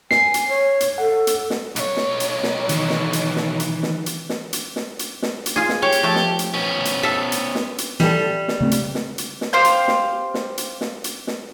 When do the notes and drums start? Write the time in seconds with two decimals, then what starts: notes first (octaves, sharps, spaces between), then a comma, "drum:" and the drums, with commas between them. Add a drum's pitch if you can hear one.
0.11 G#5 C7, drum: snare
0.34 drum: hi-hat
0.49 C#5
0.80 drum: hi-hat
0.98 A4 F#5
1.27 drum: hi-hat
1.50 drum: snare
1.76 B1 C#5, drum: hi-hat
1.97 drum: snare
2.20 drum: hi-hat
2.43 drum: snare
2.69 D#3 E3, drum: hi-hat
2.90 drum: snare
3.13 drum: hi-hat
3.36 drum: snare
3.60 drum: hi-hat
3.83 drum: snare
4.06 drum: hi-hat
4.29 drum: snare
4.53 drum: hi-hat
4.76 drum: snare
4.99 drum: hi-hat
5.22 drum: snare
5.46 drum: hi-hat
5.56 F4 G#4
5.69 drum: snare
5.82 G4 C#5
5.92 drum: hi-hat
6.03 F3 A3 A5
6.16 drum: snare
6.39 drum: hi-hat
6.54 B3 C#4
6.85 drum: hi-hat
7.03 A4 E5 F5
7.32 drum: hi-hat
7.55 drum: snare
7.78 drum: hi-hat
8.00 E3 G3 A4, drum: snare
8.48 drum: snare
8.61 C#3 A3 C4
8.71 drum: hi-hat
8.95 drum: snare
9.18 drum: hi-hat
9.41 drum: snare
9.53 G4 C5 F5 G6
9.64 drum: hi-hat
9.88 drum: snare
10.34 drum: snare
10.58 drum: hi-hat
10.81 drum: snare
11.04 drum: hi-hat
11.27 drum: snare